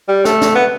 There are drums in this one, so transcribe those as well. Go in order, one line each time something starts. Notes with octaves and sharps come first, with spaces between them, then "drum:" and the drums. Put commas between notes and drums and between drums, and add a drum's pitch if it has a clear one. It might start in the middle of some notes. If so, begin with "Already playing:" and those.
G3
A3, drum: snare
drum: snare
B3